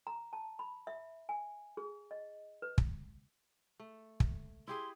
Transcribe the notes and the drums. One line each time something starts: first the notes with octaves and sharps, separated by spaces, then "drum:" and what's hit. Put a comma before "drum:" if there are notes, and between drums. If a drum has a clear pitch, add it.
A#5
A5
B5
E5
G#5
G#4
D#5
B4
drum: kick
A3
drum: kick
E4 G4 G#4 C6